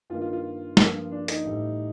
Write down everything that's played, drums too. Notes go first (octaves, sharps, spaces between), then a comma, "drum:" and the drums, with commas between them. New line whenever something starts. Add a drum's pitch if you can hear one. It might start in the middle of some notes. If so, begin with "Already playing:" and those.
G2 D#3 A#3 F4
F4
F4
G2 F3 A#3, drum: snare
D4
D#4, drum: hi-hat
A1 A2 G3